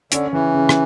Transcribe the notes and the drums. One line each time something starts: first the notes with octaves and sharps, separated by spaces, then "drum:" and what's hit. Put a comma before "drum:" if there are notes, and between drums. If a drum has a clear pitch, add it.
D3 C#4, drum: hi-hat
C#3 E3
C#3
drum: rim click